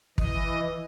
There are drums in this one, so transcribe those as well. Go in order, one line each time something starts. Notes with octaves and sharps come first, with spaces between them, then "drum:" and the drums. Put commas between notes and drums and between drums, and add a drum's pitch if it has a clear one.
E3 D#5, drum: kick